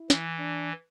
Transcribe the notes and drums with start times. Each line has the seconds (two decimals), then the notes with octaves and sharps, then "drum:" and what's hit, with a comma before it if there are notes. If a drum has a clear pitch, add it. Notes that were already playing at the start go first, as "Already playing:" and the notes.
Already playing: E4
0.10 E3, drum: snare
0.39 D4